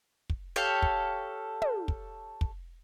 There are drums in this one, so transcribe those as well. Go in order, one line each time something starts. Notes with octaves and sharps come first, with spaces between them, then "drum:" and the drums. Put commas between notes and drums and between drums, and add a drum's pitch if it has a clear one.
drum: kick
G4 A4 C#5 F5
drum: kick
drum: tom
drum: kick
drum: kick